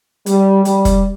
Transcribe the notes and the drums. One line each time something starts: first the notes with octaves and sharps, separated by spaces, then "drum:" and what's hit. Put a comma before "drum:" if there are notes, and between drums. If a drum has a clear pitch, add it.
G3, drum: hi-hat
G3, drum: hi-hat
drum: kick, hi-hat